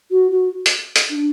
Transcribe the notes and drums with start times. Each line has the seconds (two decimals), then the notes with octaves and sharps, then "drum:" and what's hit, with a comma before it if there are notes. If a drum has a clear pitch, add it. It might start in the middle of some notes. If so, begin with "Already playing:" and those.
0.11 F#4
0.31 F#4
0.66 drum: hi-hat
0.96 drum: hi-hat
1.10 D4